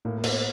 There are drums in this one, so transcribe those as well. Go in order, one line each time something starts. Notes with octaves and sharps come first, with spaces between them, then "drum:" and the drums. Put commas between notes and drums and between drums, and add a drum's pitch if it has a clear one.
A2 A#3
A#3
A2, drum: cymbal
B3